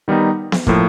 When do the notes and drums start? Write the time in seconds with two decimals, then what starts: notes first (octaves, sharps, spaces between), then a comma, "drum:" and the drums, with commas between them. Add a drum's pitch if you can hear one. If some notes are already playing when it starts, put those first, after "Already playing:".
0.08 D#3 G3 B3 D#4
0.52 drum: snare B3
0.67 A2 F3 A#3, drum: kick